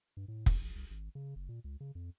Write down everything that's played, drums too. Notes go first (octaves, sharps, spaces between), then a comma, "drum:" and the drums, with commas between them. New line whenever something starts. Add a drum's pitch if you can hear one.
G2
A2
F2, drum: kick F1
A#1
C2
G#1
C#3
F#1
A#2
C#2
C#3
F2